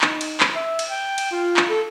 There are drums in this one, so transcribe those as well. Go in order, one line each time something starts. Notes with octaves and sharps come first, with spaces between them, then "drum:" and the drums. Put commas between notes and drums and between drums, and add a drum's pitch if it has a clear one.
D#4, drum: clap
drum: cymbal
drum: clap
E5
drum: cymbal
G5
drum: cymbal
F4
drum: clap
A4